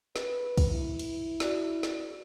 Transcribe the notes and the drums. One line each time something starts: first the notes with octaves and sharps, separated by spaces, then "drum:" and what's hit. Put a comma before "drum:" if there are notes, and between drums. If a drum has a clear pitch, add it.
B4, drum: snare
drum: kick, cymbal
E4
drum: cymbal
F#4 D5, drum: snare
drum: snare